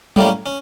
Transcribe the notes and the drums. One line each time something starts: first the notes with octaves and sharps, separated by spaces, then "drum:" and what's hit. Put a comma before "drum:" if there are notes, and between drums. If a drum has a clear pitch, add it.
A2 G3 A#3 C#4, drum: tom F#3
C#4